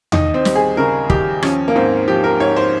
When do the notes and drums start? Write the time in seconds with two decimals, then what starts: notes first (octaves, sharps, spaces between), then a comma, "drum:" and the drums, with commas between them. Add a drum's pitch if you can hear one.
0.12 D#2 D#4, drum: tom E2
0.34 C4
0.45 G3, drum: snare
0.55 G#4
0.77 C#3 A#4
1.10 D#2 G4, drum: kick
1.42 F3 C#4, drum: rim click
1.68 A#3
1.75 G#2 C4
2.08 F3 G4
2.24 A#4
2.40 G#2 C#5
2.56 C5